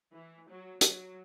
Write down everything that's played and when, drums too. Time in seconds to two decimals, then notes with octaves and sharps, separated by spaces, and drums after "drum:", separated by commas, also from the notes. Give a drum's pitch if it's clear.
0.14 E3
0.48 F#3
0.81 F#3, drum: hi-hat